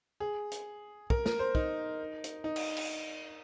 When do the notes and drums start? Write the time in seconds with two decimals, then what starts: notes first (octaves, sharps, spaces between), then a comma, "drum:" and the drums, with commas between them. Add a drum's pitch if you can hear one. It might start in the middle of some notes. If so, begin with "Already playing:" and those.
0.20 G#4
0.51 drum: hi-hat
1.10 A#4, drum: kick
1.26 A#4, drum: snare
1.39 C5
1.55 D#4, drum: kick
2.24 drum: hi-hat
2.44 D#4
2.56 drum: cymbal
2.77 drum: cymbal